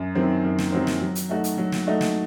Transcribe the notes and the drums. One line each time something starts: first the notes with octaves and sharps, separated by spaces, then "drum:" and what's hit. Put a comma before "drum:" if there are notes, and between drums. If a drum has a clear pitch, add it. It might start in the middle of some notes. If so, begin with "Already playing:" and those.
Already playing: F#2
D#3 F#3 C4
F#2
drum: snare
D#3 F#3 C4
drum: snare
F#3
drum: hi-hat
A3 D#4 F#4
drum: hi-hat
F#3
drum: snare
A3 D#4 F#4
drum: snare